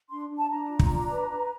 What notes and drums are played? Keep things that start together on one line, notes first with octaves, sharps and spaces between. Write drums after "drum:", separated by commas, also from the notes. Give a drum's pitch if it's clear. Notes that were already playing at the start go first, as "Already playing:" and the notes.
D4 C6
D4
A5
D4 A#5
F4
drum: kick
D4
B4
B4